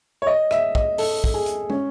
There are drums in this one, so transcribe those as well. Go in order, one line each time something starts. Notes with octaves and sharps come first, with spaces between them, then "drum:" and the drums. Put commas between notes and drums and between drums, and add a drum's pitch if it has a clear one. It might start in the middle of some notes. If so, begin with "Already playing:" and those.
C#5
D#5
E5, drum: rim click
D#5, drum: kick
A4, drum: open hi-hat
A4, drum: kick
G#4
drum: hi-hat
C#4, drum: tom